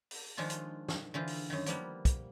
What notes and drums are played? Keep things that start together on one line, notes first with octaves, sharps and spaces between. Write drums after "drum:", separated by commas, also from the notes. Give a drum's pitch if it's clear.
drum: open hi-hat
D#3 F3 G#3 D4 F4
drum: hi-hat
drum: snare
D3 E3 F4 C5
drum: open hi-hat
F#2 D#3
F3 G3 A#3 B3, drum: hi-hat
drum: kick, hi-hat